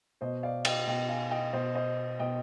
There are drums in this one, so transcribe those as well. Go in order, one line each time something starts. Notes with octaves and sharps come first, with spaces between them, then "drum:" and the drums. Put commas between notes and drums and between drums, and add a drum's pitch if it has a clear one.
B2 C5 D#5
D5 F5
D#5 G5, drum: cymbal
B2 D#5 G5
F5 G#5
D#5 G5
B2 C5 D#5
C5 D#5
B2 D#5 G5